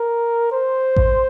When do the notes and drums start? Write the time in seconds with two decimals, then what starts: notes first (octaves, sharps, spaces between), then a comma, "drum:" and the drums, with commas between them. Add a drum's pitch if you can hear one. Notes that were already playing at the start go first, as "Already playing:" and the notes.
Already playing: A#4
0.52 C5
0.96 drum: kick A1